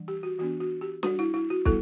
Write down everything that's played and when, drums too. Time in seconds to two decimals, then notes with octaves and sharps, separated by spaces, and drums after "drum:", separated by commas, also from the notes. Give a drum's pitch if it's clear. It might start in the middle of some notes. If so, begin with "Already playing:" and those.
Already playing: E3 G3 D4
0.08 G4
0.23 F#4
0.39 E3 B3 D4 F#4
0.60 F#4
0.81 G4
1.03 G3 D4 F#4, drum: snare
1.19 E4
1.34 E4
1.50 F#4
1.66 G3 B3 E4 A4, drum: kick